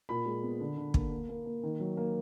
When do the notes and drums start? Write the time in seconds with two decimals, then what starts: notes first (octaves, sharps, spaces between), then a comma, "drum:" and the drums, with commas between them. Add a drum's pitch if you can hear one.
0.09 A#2 B5
0.26 G#3
0.43 B3
0.60 D3
0.77 D3
0.94 A#3, drum: kick
1.11 A#3
1.29 A#3
1.46 A#3
1.63 D#3
1.80 F#3
1.97 A#3